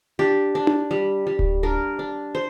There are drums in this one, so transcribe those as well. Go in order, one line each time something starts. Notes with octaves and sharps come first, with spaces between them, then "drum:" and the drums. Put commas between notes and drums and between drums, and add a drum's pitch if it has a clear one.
D4 G4
D4
drum: tom D4
G3
G3
drum: kick D1
D4 A#4
D4
C5